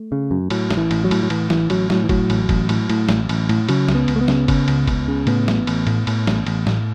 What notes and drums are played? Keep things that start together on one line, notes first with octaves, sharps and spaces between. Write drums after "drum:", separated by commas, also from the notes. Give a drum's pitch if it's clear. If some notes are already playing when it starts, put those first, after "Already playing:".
Already playing: A3
C#3
F#2
A2 F#3, drum: cymbal
A1, drum: snare
E3
A1, drum: cymbal
F#3
A2, drum: cymbal
F#3
A2 E3, drum: cymbal
A1 E3, drum: snare
A1 F#3, drum: cymbal
A2 F#3, drum: snare
E3
A2 F#3, drum: kick, cymbal
A1, drum: cymbal
A1, drum: kick, cymbal
A2, drum: cymbal
A2, drum: cymbal
A1, drum: snare
A1, drum: cymbal
A2, drum: cymbal
C#3 F#3, drum: cymbal
C#2, drum: snare
B3
C#2, drum: cymbal
A3
B3
C#3, drum: snare
C#3, drum: kick, cymbal
C#2, drum: cymbal
C#2, drum: kick, cymbal
C#3
A2 B3, drum: cymbal
A1, drum: snare
A1, drum: cymbal
A2, drum: cymbal
A2, drum: cymbal
A1, drum: snare
A1, drum: cymbal
A2, drum: snare